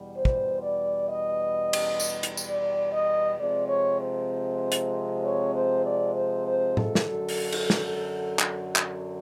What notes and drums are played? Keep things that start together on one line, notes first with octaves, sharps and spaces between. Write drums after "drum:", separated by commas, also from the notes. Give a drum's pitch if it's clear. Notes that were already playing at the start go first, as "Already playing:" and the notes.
Already playing: E2 B2 G3
C5
drum: kick
D5
D#5
drum: cymbal
drum: tambourine
drum: hi-hat
drum: tambourine
D5
D#5
C3 F3 G#3 C4 D5
C#5
C5
drum: hi-hat
C#5
C5
D5
C5
C5
A4, drum: tom A2
drum: snare
F#2 D3 F#3
drum: open hi-hat
drum: cymbal
drum: snare
drum: clap
drum: clap